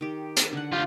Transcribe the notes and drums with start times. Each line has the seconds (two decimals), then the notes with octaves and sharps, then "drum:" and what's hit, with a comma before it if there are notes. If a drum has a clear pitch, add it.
0.01 D#3 G4
0.37 drum: hi-hat
0.53 D3 F#5
0.72 F4 G4